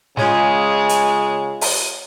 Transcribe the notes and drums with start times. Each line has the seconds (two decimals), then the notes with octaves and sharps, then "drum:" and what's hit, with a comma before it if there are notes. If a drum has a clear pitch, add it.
0.17 C#3 G#3 F4 C#5 G#5, drum: snare
0.89 drum: hi-hat
1.61 drum: open hi-hat